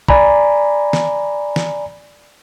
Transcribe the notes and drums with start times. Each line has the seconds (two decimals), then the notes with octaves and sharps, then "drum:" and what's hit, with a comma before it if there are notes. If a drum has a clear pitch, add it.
0.08 D5 G#5 A#5 B5, drum: kick
0.93 drum: snare
1.56 drum: snare